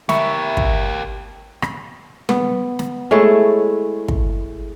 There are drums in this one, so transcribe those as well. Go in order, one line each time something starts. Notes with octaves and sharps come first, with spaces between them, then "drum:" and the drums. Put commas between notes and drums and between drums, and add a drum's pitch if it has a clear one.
G4 A#4 E5 B5 C#6, drum: snare
drum: kick
drum: rim click
B3, drum: tom G3
drum: snare
G#3 A3 E4 C#5
drum: kick